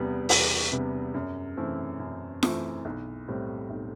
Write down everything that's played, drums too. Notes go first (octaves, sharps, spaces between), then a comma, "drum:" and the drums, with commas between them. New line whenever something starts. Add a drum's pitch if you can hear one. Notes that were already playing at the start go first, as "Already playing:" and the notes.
Already playing: E2 C3 G3 B3
E2, drum: open hi-hat
C3 G3 B3
F#2
E3 A3 C4 E4
F#2
E3 A3 C4 E4, drum: snare F4
B1
A2 G3 C4
B1